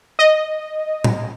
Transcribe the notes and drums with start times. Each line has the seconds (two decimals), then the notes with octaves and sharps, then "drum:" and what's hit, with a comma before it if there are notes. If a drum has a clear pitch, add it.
0.19 D#5
1.04 drum: tom A2